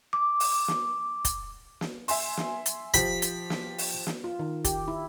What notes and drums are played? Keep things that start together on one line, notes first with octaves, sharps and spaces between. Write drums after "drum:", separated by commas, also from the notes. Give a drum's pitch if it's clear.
D6
drum: open hi-hat
drum: snare
drum: kick, hi-hat
drum: snare
E5 G#5 C6, drum: open hi-hat
drum: snare
drum: hi-hat
F3 G4 C5 B5, drum: kick, hi-hat
drum: hi-hat
drum: snare
drum: open hi-hat
drum: snare
F4
D#3
G4, drum: kick, hi-hat
E4